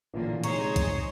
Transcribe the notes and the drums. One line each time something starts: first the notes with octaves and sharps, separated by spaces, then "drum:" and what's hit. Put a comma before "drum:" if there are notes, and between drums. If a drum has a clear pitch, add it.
A1 A#2 D3 E3 F3 A#3
C3 G#3 D#4 G#4 C5 C#5 A#5 C#6, drum: hi-hat
drum: kick, hi-hat